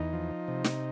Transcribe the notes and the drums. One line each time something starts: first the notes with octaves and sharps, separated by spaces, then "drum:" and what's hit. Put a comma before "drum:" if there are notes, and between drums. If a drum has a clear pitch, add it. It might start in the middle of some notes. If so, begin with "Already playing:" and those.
Already playing: E2 D#4
F3
C3
drum: snare